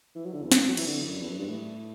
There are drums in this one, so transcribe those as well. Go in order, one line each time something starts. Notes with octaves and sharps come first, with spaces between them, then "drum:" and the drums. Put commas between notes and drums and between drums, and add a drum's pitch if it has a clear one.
E3
F#3
D3
E2
F#2, drum: snare
F#3
E3, drum: cymbal
D3
F#2
E2
F#2
G2
A2